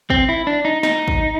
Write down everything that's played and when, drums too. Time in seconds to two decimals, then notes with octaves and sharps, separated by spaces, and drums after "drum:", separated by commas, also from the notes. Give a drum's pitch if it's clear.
0.10 C4, drum: kick
0.29 E4
0.47 D4
0.65 D#4
0.83 D#4, drum: snare
1.08 drum: kick